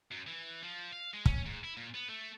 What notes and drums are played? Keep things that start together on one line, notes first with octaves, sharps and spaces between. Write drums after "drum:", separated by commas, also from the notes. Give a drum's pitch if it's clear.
F#2
E3
F3
F5
G#3
C#4, drum: kick
G#2
E4
A#2
B3
A3